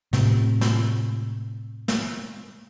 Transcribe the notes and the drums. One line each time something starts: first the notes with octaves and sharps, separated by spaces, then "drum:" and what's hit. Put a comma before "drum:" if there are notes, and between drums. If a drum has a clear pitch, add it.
A2 C3, drum: snare
drum: snare
drum: snare